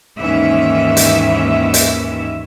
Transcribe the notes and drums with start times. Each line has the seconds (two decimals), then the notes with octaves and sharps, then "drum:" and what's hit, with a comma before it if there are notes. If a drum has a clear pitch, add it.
0.20 D#2 G#2 D#3 E3 C#4 E5
0.97 drum: hi-hat
1.74 drum: hi-hat